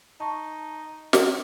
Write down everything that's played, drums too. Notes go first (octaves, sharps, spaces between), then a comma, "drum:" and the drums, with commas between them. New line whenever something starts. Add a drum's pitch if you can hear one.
D#4 A5 C#6
drum: snare